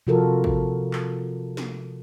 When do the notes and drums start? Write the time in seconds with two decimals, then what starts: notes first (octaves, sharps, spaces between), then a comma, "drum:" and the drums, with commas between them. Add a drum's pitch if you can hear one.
0.07 C3 F3 F4 F#4 A4 A#4
0.44 drum: kick
0.93 drum: clap
1.57 drum: snare